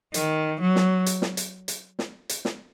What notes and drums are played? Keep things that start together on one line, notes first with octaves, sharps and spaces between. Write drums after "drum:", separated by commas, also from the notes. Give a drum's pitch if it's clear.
D#3, drum: hi-hat
F#3
drum: snare
drum: hi-hat
drum: snare
drum: hi-hat
drum: hi-hat
drum: snare
drum: hi-hat
drum: snare